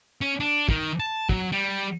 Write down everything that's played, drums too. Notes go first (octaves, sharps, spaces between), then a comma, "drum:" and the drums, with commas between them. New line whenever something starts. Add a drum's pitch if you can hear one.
C#4
D4
D#3, drum: kick
A5
F#3, drum: kick
G3